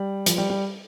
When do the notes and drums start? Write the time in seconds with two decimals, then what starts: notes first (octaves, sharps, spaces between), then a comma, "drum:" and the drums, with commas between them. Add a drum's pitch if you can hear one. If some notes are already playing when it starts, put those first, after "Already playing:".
Already playing: G3
0.26 F3, drum: hi-hat
0.38 G3
0.50 G3